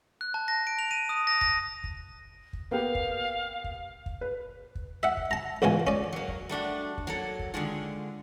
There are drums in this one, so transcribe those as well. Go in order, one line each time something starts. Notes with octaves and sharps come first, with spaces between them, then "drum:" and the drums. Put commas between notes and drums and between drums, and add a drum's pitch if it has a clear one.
F#6
A5
A#6
D7
F7
D#7
D#6
A#6
A#6, drum: kick
drum: kick
drum: kick
A#3 B3 G4 F5
drum: kick
drum: kick
drum: kick
B4
drum: kick
E5 F#5
drum: kick
A5 A#5
A1 G#2 B2 F4 G#5
C#4 D5, drum: kick
F#3 A#3
drum: kick
G3 A3 D4 F#4
drum: kick
F#3 A#3 A4
drum: kick
D3 D#3 G#3 F4